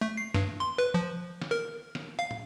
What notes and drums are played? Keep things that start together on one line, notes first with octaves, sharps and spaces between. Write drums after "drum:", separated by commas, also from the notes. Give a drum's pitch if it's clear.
A3
C7
G2, drum: snare
C6
B4
F3
drum: snare
A#4
drum: snare
F5
drum: tom